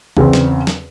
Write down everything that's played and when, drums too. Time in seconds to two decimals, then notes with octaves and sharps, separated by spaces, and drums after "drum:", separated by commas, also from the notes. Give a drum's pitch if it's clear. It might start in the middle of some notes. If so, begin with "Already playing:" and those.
0.17 E2 C#3 B3 C4, drum: kick
0.33 drum: snare
0.67 drum: snare